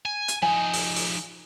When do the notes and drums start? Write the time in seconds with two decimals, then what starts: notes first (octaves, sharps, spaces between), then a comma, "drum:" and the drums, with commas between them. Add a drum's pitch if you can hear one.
0.06 G#5
0.28 drum: hi-hat
0.42 F3 D#4 G#5
0.74 drum: open hi-hat
0.96 drum: open hi-hat